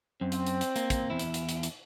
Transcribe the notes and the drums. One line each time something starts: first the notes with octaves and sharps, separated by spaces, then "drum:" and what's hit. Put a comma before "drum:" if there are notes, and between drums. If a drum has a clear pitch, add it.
F#2 C4
drum: hi-hat
drum: hi-hat
drum: hi-hat
A#3, drum: hi-hat
drum: kick, hi-hat
E2 E4
drum: hi-hat
drum: hi-hat
drum: hi-hat
drum: hi-hat